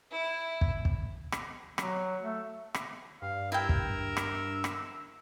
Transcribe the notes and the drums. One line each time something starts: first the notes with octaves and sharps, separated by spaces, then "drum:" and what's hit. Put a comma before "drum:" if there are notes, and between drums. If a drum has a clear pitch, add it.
E4
drum: kick
drum: kick
drum: rim click
F#3, drum: rim click
A3
drum: rim click
G2 F5
E4 A#4 G5 E6
drum: kick
drum: rim click
drum: rim click